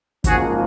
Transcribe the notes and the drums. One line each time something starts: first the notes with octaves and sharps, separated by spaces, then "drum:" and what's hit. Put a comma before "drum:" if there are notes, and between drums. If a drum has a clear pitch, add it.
G#1 G#2 F3 A#3 C#4 F#4 G#4, drum: kick, hi-hat